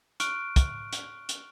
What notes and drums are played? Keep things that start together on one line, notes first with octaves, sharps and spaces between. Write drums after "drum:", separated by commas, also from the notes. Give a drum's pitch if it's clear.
C#6 F6 F#6 D7, drum: hi-hat
drum: kick, hi-hat
drum: hi-hat
drum: hi-hat